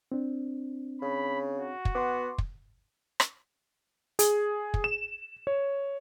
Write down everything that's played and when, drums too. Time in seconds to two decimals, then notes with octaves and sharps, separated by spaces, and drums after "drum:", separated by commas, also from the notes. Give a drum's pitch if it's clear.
0.12 C4 D4
1.02 C#3 B5
1.57 F#4
1.85 drum: kick
1.95 B3 C6 D6
2.38 drum: kick
3.20 drum: rim click
4.19 G#4, drum: hi-hat
4.74 drum: kick
4.84 E7
5.47 C#5